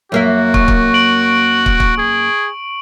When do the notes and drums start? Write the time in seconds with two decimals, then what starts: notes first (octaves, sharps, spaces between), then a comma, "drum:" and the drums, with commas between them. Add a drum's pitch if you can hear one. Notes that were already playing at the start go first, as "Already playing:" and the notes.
0.12 F#2 A#3 F#4 E5
0.54 C#6, drum: kick
0.68 drum: kick
0.94 D7 F#7
1.66 drum: kick
1.80 drum: kick
1.98 G#4